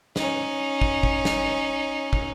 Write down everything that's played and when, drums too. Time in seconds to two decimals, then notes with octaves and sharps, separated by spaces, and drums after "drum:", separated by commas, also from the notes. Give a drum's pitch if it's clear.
0.16 C#4 D#4, drum: snare
0.81 drum: kick
1.03 drum: kick
1.25 drum: snare
2.13 drum: kick